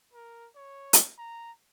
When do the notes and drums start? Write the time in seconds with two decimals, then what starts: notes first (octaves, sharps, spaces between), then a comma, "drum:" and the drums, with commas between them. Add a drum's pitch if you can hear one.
0.14 A#4
0.56 C#5
0.93 drum: hi-hat
1.18 A#5